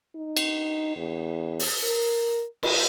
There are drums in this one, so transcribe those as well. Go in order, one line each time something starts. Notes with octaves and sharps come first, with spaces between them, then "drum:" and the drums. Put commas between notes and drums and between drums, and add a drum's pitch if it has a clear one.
D#4
drum: cymbal
E2
drum: open hi-hat
A#4
drum: cymbal